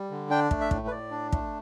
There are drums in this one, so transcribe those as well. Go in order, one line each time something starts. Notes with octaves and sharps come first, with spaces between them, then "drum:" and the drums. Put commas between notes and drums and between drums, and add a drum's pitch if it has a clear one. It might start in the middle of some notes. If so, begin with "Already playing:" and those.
Already playing: G3
D3
D4 G5
A3, drum: kick
E5
A2, drum: kick
B4
A2 D5
D4
A3, drum: kick